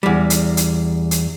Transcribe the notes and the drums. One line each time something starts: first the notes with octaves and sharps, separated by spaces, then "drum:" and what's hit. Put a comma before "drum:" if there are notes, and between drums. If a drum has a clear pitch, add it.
E2 G3
drum: hi-hat
drum: hi-hat
drum: hi-hat